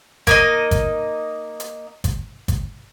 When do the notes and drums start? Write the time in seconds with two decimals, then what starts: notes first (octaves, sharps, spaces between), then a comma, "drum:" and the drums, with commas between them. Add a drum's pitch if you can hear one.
0.27 A#3 D#4 D#5, drum: kick, hi-hat
0.71 drum: kick, hi-hat
1.60 drum: hi-hat
2.04 drum: kick, hi-hat
2.48 drum: kick, hi-hat